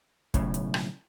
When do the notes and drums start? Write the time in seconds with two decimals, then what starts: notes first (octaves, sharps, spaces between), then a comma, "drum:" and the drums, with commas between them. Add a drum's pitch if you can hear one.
0.34 B1 A2 C#3, drum: kick, hi-hat
0.54 drum: hi-hat
0.74 drum: rim click